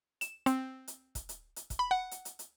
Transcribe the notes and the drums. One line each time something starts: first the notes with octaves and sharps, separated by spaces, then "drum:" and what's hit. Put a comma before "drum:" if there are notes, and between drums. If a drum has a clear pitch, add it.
E7, drum: hi-hat
C4, drum: hi-hat
drum: hi-hat
drum: kick, hi-hat
drum: hi-hat
drum: hi-hat
drum: kick, hi-hat
B5
F#5
drum: hi-hat
drum: hi-hat
drum: hi-hat